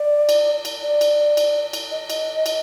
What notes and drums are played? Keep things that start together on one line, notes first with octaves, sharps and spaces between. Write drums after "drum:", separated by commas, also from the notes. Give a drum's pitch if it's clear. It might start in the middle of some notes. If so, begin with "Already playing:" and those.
Already playing: D5
drum: cymbal
drum: cymbal
D5
drum: cymbal
drum: cymbal
drum: cymbal
D#5
drum: cymbal
drum: cymbal